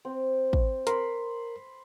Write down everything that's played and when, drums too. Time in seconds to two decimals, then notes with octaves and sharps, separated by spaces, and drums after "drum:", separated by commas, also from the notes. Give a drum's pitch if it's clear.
0.05 C4
0.53 drum: kick
0.87 A#4 B5 C6, drum: hi-hat